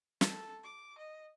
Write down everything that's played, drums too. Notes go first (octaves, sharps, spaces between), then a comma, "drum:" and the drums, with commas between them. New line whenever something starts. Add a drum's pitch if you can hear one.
A4, drum: snare
D6
D#5